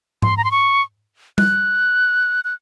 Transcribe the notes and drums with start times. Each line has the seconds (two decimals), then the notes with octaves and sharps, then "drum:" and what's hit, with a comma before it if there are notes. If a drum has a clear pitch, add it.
0.22 C6, drum: tom G#2
0.37 A#5
0.44 C6
0.51 C#6
1.38 F#6, drum: tom G3
2.45 F#6